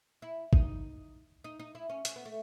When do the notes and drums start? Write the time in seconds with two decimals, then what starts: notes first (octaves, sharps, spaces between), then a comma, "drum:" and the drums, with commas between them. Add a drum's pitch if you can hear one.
0.22 E4
0.53 D#4, drum: kick
1.44 D#4
1.60 D#4
1.75 E4
1.90 C#4
2.05 C#4, drum: hi-hat
2.16 B3
2.26 A3